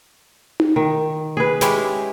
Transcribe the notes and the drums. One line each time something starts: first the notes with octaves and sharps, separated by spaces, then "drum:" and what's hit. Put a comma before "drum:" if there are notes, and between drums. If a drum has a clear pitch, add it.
drum: tom D#4
D#3
G#4 B4
G#3 C#4 E4 G4, drum: snare